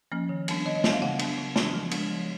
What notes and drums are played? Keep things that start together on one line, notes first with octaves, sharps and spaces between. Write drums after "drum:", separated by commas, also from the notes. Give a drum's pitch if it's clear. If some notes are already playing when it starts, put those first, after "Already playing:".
F3 A#3 C#4
D#3
G3 B3 D4, drum: cymbal
D#3 D#5
D#5
G3 B3 D4 E5, drum: snare
F5
C#3 F#5
F#3 B3 D4, drum: cymbal
C#3
F#3 B3 D4, drum: snare
F3
G#3 B3 D4, drum: cymbal
F3